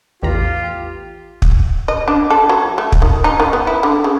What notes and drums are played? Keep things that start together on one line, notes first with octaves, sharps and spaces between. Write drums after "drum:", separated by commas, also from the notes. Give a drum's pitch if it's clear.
A1 E2 F4 G4 A#5
drum: kick
D#5
D4
A4
F#3
A3
drum: kick
D#3
D#4
D#3
B3
E4
D3
C#3